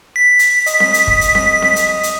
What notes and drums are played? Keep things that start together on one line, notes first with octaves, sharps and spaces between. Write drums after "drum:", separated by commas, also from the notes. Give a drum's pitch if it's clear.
B6
drum: hi-hat
D#5, drum: hi-hat
drum: snare C4
drum: hi-hat
drum: kick
drum: hi-hat
drum: snare C4
drum: snare C4
drum: hi-hat
drum: hi-hat